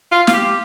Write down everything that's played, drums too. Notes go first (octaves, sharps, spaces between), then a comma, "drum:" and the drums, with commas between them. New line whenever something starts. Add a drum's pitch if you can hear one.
F4
F4, drum: snare
G4